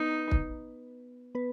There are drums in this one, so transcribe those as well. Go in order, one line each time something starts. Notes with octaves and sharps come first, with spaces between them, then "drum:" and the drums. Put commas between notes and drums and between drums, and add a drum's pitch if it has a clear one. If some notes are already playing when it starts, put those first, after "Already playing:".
Already playing: B3 D#4 B4
drum: kick
B3 B4